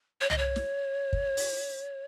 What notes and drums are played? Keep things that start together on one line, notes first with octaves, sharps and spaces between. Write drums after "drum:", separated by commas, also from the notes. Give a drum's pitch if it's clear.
C#5
D#5, drum: tom
C#5
drum: snare
drum: kick
drum: open hi-hat